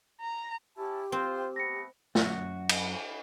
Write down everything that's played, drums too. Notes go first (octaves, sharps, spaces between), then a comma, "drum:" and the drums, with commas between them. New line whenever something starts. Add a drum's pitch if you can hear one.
A#5
C#4 E4 G4 A5
C4 F4 C5
A3 B3 A#6 C#7
F#2 F#4, drum: snare
drum: cymbal